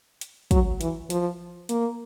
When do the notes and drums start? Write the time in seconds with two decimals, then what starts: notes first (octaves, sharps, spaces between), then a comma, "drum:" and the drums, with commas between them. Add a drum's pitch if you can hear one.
0.21 drum: hi-hat
0.51 F#3, drum: kick, hi-hat
0.81 E3, drum: hi-hat
1.10 F3, drum: hi-hat
1.69 A#3, drum: hi-hat